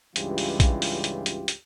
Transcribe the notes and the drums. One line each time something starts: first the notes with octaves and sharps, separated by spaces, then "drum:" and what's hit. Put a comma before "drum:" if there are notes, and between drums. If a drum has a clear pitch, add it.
C#2 G2 C#3 E3 F4 G4, drum: hi-hat
drum: open hi-hat
drum: kick, hi-hat
drum: open hi-hat
drum: hi-hat
drum: hi-hat
drum: hi-hat